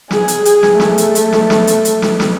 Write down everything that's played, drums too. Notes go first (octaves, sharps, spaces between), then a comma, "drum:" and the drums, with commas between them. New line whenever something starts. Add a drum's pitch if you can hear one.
G#4, drum: snare
drum: hi-hat
G#4, drum: hi-hat
drum: snare
A3, drum: snare
drum: hi-hat
drum: hi-hat
drum: snare
drum: snare
drum: hi-hat
drum: hi-hat
drum: snare
drum: snare